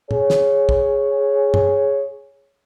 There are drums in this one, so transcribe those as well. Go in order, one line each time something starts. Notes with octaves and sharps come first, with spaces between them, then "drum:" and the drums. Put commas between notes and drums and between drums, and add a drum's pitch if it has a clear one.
G#4 C#5, drum: tom
drum: snare
drum: kick
drum: tom